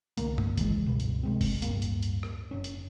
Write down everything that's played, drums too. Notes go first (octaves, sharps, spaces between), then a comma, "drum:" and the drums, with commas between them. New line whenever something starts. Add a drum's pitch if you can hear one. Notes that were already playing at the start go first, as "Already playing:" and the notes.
C2 D3 A3 A#3, drum: hi-hat
drum: tom
C#3 E3 G#3, drum: kick F#1, hi-hat
C#2 G2 B2
drum: hi-hat
C3 G#3 C4
drum: kick F#1, open hi-hat
D1 G1 G2 A#3, drum: hi-hat
drum: hi-hat
drum: hi-hat
drum: rim click
F#1 C#4
drum: hi-hat